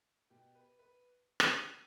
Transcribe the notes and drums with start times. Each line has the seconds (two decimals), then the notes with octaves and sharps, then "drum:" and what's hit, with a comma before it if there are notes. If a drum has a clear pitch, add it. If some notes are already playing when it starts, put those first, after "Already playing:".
0.30 B2 G4
0.55 B4
0.79 B4
1.40 drum: rim click